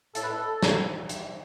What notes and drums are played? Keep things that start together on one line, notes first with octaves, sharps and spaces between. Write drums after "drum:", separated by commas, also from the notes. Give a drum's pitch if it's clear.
A2 A4, drum: hi-hat
B4
A4
drum: snare
drum: hi-hat